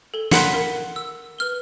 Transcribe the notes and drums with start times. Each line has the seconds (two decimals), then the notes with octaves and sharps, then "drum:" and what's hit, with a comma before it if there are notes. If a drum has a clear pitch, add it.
0.14 A4 G7
0.31 F5 F#5 B5 C6 F#6 B6, drum: snare
0.54 A#4
0.96 E6
1.38 B4 F6 G7